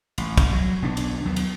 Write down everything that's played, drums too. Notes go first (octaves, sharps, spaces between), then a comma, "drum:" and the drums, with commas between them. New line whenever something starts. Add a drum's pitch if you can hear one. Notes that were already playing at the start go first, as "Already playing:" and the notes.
A1, drum: cymbal
drum: kick, cymbal
F#3
B1 B3 D4
drum: cymbal
D#2 F#3 B3
drum: cymbal